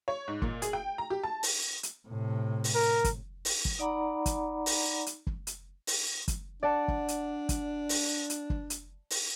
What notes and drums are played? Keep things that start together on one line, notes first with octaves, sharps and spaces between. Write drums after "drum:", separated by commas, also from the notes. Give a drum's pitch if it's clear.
C#5
G#2
A#2, drum: kick
G#4, drum: hi-hat
G5
A#5
G4
A5
drum: open hi-hat
drum: hi-hat
A2 C3
drum: open hi-hat
A#4
drum: kick, hi-hat
drum: open hi-hat
drum: kick
D#4 D5 F#5 A#5 B5 D6
drum: kick, hi-hat
drum: open hi-hat
drum: hi-hat
drum: kick
drum: hi-hat
drum: open hi-hat
drum: kick, hi-hat
D4 D5 F#5 A5
drum: kick
drum: hi-hat
drum: kick, hi-hat
drum: open hi-hat
drum: hi-hat
drum: kick
drum: hi-hat
drum: open hi-hat